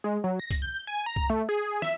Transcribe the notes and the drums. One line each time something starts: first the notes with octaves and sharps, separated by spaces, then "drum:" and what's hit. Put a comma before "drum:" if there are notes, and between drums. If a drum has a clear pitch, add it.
G#3
F#3
A#6
drum: kick, hi-hat
G6
G#5
A#5
drum: kick
A3
G#4
E5, drum: snare